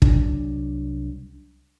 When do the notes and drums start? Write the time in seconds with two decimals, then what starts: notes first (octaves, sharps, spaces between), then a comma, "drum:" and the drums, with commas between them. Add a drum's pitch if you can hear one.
0.02 C2 F#3 D4, drum: kick